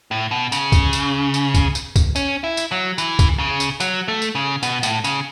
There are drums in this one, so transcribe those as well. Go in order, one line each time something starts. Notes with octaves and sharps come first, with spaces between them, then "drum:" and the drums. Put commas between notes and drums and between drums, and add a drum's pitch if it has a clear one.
A2
B2
C#3, drum: tambourine
drum: kick C2, tambourine
drum: tambourine
drum: tambourine
drum: kick C2, tambourine
drum: tambourine
drum: kick C2, tambourine
C#4, drum: tambourine
E4
drum: tambourine
F#3
E3, drum: tambourine
drum: kick C2, tambourine
C#3
drum: tambourine
F#3, drum: tambourine
A3
drum: tambourine
C#3
B2, drum: tambourine
A2, drum: tambourine
C#3, drum: tambourine